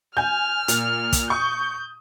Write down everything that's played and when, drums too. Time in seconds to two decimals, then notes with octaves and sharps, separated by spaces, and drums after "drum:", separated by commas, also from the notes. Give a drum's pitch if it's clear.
0.17 G#5 F6 G6
0.68 A#2, drum: hi-hat
1.12 drum: kick, hi-hat
1.30 C#6 D#6 G6